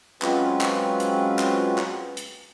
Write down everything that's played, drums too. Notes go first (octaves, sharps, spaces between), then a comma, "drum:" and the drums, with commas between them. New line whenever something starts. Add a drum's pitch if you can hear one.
F#3 G#3 C4 C#4 F4 B4, drum: clap
drum: clap
drum: hi-hat
drum: clap
drum: clap
drum: hi-hat